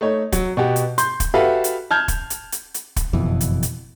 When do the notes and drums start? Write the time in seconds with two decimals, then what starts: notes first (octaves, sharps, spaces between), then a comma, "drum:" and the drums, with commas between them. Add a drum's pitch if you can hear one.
0.01 A3 D#4 C#5
0.32 F#3, drum: kick, hi-hat
0.57 B2 F#4 G4
0.76 drum: hi-hat
0.98 C6 G6, drum: hi-hat
1.20 drum: kick, hi-hat
1.34 F#4 G4 A4 B4 E5 F5
1.64 drum: hi-hat
1.91 A5 F6 G6 G#6
2.08 drum: kick, hi-hat
2.30 drum: hi-hat
2.52 drum: hi-hat
2.74 drum: hi-hat
2.96 drum: kick, hi-hat
3.13 F#1 F2 B2 E3
3.41 drum: hi-hat
3.63 drum: hi-hat